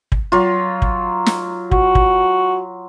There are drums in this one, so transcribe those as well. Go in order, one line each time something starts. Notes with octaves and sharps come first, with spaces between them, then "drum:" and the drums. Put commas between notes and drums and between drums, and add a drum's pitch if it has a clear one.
drum: kick
F#3 F4
drum: kick
drum: snare
F#4, drum: kick
drum: kick